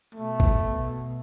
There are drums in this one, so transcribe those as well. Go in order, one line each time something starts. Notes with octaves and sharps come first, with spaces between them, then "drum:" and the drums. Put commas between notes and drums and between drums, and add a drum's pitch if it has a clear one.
B2 A3
drum: kick
B2